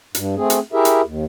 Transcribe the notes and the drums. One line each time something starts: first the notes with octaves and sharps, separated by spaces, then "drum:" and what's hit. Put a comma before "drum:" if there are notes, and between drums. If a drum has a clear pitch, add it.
G2, drum: hi-hat
A3 C4 G#4
drum: hi-hat
E4 G4 G#4 A#4 E5
drum: hi-hat
D#2